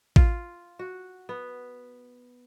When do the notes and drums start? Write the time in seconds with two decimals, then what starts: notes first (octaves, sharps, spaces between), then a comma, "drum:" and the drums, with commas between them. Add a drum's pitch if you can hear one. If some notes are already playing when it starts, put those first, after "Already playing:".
0.16 F4, drum: kick A1
0.79 F#4
1.29 B3